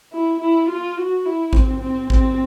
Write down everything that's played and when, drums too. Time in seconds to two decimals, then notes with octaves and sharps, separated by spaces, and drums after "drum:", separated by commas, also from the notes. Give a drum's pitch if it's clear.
0.12 E4
0.40 E4
0.69 F4
0.98 F#4
1.25 E4
1.53 C4, drum: kick A1
1.82 C4
2.10 C4, drum: kick A1